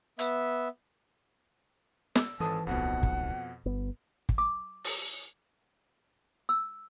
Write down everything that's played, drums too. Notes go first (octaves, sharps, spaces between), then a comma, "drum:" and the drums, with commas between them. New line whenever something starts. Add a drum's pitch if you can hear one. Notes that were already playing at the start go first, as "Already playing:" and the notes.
B3 E5, drum: hi-hat
E6, drum: snare
G#1 E3 A4 A5 D#6
D1 B1 F2 B2 F#5
drum: kick
G1 B3
drum: kick
D6
drum: open hi-hat
E6